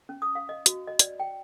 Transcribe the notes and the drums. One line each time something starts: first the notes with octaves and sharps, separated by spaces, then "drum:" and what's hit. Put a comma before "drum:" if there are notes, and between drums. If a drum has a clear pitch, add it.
C#4
D#6
F5
D#5
F#4, drum: hi-hat
D#5
D5, drum: hi-hat
G5